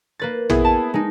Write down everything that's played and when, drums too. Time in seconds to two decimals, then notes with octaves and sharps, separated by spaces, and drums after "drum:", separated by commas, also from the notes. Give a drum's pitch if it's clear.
0.19 A#3 B4 A6
0.50 B3 E4 G#4, drum: tom
0.64 A5
0.94 G#3 D#4